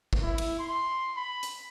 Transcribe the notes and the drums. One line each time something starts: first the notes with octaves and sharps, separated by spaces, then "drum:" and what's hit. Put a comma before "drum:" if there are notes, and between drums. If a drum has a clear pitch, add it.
drum: kick
E4
drum: cymbal
C6
B5
drum: hi-hat